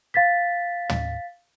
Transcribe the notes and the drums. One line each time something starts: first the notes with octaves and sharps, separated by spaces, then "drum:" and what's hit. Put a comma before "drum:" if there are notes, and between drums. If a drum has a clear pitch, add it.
F5 A6 B6
drum: tom